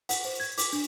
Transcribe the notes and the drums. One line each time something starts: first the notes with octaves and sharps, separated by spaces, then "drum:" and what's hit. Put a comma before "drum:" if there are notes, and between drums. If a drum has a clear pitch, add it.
F#5, drum: open hi-hat
C5
G#6
D6, drum: open hi-hat
D4